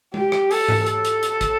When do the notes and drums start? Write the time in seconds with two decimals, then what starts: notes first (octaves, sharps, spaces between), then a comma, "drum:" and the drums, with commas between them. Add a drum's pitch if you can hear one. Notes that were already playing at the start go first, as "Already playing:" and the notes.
0.14 G4, drum: tom G#3
0.32 drum: rim click
0.51 A4, drum: open hi-hat
0.68 drum: tom G#2
0.86 A4, drum: hi-hat
1.05 drum: hi-hat
1.23 drum: hi-hat
1.41 drum: kick, hi-hat